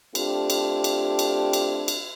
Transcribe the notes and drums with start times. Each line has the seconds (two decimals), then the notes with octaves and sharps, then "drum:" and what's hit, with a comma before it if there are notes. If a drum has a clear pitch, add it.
0.15 A3 C4 D4 F4 G4, drum: cymbal
0.50 drum: cymbal
0.84 drum: cymbal
1.19 drum: cymbal
1.53 drum: cymbal
1.88 drum: cymbal